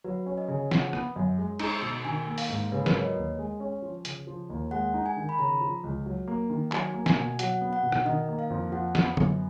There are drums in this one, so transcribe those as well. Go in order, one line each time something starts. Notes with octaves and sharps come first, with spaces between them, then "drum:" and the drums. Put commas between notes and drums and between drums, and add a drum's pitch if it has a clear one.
F#3 B4
C#4
D#5
C#3
F3 F#5, drum: snare
B3, drum: rim click
F#2
G#3
D#4, drum: cymbal
B2
D#3 G#5
A#3
F5, drum: open hi-hat
G#2
C#3 B4
A#4
B4, drum: snare
F#3 C#5
D#5
D#2
G#3
C#4
F3
C#3, drum: hi-hat
F3
D#2
G#3 F#5
D#4
G#5
D#3
B5
C#3 A#5
F3
C#2
F#3
A#3
D#3
F#3 G#5, drum: clap
A#3
G#5, drum: snare
B2
F#3 F#5, drum: hi-hat
B3
F#5
B2
drum: rim click
D#3 D#5
A#3
F5
F2
F3 F#5
B3, drum: snare
F#2, drum: tom